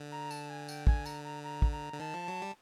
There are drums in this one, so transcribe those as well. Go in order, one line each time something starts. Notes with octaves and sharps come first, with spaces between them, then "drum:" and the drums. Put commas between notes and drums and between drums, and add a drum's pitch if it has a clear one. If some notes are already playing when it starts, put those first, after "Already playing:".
Already playing: D3
A#5
A5, drum: tambourine
G#5
G5, drum: tambourine
G#5, drum: kick
A#5, drum: tambourine
A#5
A#5
drum: kick
A#5
D3
D#3 A5
F3
F#3
G3